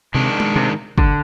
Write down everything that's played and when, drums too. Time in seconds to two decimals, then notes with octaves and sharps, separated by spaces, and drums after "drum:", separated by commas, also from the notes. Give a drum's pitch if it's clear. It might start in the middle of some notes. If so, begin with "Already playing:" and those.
0.14 C3 D#3 G#3 D4
0.40 drum: tom G#3
0.56 C3
0.98 D3, drum: kick